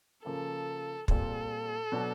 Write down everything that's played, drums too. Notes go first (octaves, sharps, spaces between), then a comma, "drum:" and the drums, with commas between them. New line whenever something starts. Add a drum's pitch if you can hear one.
C#3 F3 A#3 A4
A#2 G3 C4 F4 G#4 A4, drum: kick
B2 F#3 B3 D4 F#4